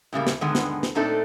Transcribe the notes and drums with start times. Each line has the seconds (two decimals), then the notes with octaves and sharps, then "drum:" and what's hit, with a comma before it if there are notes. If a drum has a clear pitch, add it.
0.13 A2 C#3 G3 A#3
0.27 drum: snare
0.41 G2 D3 D#3 G#3 B3
0.55 drum: snare
0.83 drum: snare
0.95 A#2 A3 C4 D4 D#4 A4